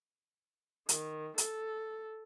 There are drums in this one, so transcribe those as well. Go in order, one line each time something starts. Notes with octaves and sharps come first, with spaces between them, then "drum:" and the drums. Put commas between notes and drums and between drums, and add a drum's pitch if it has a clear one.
D#3, drum: hi-hat
A4, drum: hi-hat